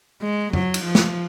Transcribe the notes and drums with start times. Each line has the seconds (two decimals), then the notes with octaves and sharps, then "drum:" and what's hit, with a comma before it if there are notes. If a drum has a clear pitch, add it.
0.21 G#3
0.53 F#3, drum: tom F2
0.74 drum: cymbal
0.84 F3
0.95 drum: snare